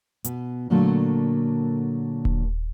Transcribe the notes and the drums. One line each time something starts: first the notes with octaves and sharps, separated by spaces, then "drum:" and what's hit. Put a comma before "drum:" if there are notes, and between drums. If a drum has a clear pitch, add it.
B2, drum: hi-hat
A#2 D3 F#3 A3 A#3
drum: kick D#1